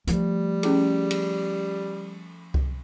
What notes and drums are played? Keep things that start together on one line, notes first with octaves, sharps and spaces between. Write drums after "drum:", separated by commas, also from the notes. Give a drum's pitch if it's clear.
F3 G3 A3, drum: hi-hat
C#4 E4 G#4, drum: cymbal
drum: cymbal
drum: kick C2